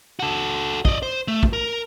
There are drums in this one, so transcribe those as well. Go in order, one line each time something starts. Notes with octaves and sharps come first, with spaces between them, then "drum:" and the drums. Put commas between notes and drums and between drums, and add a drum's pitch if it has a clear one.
F#4 A4
D5 D#5, drum: kick
C5
A3
drum: kick
A#4